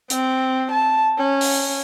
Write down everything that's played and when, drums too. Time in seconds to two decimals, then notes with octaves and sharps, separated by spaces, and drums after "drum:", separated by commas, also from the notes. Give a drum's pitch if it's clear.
0.10 C4, drum: hi-hat
0.71 A5
1.18 C#4
1.41 drum: open hi-hat